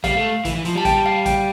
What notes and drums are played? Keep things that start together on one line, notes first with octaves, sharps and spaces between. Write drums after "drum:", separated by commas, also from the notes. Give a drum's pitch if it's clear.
G3 F5, drum: kick, hi-hat
A3
E3, drum: kick, hi-hat
E3
F3, drum: hi-hat
G3 A5
G5, drum: kick, hi-hat
F5
G5, drum: kick, hi-hat